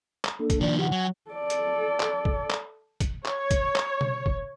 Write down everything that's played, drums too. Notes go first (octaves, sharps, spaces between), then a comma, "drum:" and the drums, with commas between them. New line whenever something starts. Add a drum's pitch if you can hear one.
drum: clap
A#3 D4 A4
drum: kick, hi-hat
D#3 F3 D5
G4 F#5
F#3 G#5
A4 D5
drum: hi-hat
drum: clap
drum: kick
drum: clap
drum: kick, hi-hat
C#5, drum: clap
drum: kick, hi-hat
drum: clap
drum: tom B2
drum: kick